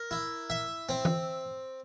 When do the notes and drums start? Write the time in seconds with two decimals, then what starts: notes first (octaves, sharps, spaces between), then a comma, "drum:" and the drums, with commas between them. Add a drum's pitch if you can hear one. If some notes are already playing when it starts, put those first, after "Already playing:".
Already playing: A#4
0.11 E4
0.50 E5
0.89 C4
1.05 drum: tom E3